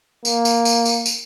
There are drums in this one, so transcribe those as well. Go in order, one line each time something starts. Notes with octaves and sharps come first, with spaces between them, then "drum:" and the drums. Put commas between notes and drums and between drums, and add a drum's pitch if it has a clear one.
A#3, drum: tambourine
drum: tambourine
drum: tambourine
drum: tambourine
drum: tambourine